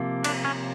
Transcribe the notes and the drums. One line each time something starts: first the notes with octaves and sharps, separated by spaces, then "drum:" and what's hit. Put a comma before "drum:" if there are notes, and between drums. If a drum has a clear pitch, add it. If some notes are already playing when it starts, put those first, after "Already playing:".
Already playing: C3 F3 A#3
D4, drum: cymbal
C#4